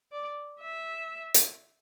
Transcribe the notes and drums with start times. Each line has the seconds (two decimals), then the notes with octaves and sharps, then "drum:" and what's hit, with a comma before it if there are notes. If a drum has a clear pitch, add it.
0.12 D5
0.61 E5
1.34 drum: hi-hat